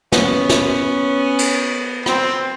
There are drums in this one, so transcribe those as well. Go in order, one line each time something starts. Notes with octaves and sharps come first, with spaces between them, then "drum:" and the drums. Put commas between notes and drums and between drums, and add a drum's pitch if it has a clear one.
B3 C#4, drum: snare
drum: snare
drum: cymbal
C4, drum: rim click